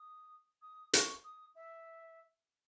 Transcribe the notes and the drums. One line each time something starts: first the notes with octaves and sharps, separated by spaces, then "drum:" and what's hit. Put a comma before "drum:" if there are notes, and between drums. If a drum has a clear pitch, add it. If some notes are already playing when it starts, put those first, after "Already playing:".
Already playing: D#6
D#6
C#6, drum: hi-hat
D#6
E5